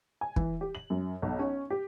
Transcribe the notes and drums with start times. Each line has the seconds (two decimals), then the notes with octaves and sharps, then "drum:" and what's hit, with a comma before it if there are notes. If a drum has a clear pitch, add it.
0.21 G#5
0.36 E3, drum: kick
0.61 G4
0.75 F#7
0.90 F#2
1.22 B1
1.39 C#4
1.70 G4